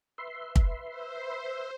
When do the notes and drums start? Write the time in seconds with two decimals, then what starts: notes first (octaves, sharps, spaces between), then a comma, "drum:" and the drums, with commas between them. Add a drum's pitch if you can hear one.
0.18 B4 E5 C6
0.56 drum: kick
0.89 C5